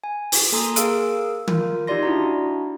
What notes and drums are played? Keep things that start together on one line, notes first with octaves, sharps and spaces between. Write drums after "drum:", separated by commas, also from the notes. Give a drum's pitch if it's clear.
G#5
drum: open hi-hat
A#3 A4 G#5 A#5 C6 D#6
G#4 A#4 F5 E6 D7, drum: hi-hat
F4 A#4, drum: tom
D#4 F4 G4 D5 C6 A#6
D4 E4 F#4 A#5